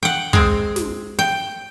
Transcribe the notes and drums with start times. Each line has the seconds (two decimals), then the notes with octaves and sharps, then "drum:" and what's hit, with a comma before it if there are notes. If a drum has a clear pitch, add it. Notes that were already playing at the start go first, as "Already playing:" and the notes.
0.03 F#5 G5
0.33 G#3 C4, drum: kick
0.76 drum: snare
1.19 G5